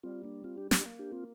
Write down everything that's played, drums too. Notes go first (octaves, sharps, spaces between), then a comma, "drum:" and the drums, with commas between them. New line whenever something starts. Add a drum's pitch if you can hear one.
G3 C4 F4
A#3 D4
C4 F4
D4 G4
D4 G4, drum: snare
G3
A#3
D4 G4
C4 F4